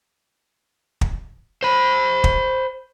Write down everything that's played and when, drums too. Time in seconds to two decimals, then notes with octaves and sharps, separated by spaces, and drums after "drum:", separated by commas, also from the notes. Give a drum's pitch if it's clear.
1.01 drum: kick
1.63 C5 B5
2.24 drum: kick